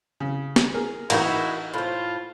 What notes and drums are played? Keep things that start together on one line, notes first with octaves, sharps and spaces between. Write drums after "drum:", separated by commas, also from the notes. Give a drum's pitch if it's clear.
C#3
drum: snare
G#4 A#4
A1 D#3 G#3 A#3 D#4 E4 F#4 A#4, drum: cymbal
A2 F4 C5